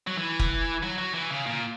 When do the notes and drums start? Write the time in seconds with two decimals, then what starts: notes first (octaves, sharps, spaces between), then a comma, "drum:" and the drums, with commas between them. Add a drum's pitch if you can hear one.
0.07 F#3
0.18 E3
0.39 drum: kick F1
0.83 F#3
0.98 F#3
1.14 E3
1.30 C#3
1.46 A#2